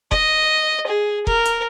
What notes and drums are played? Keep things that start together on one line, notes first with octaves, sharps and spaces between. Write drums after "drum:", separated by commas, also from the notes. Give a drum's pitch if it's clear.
D#5, drum: kick
G#4
A#4, drum: kick
drum: hi-hat